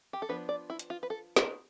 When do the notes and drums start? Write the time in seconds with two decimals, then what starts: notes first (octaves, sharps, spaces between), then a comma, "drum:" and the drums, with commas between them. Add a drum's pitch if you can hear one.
0.13 G4
0.22 A4
0.29 F3 B3 D4 B4
0.49 D5
0.70 E4
0.79 drum: hi-hat
0.90 F4
1.03 B4
1.10 A4
1.36 B4, drum: snare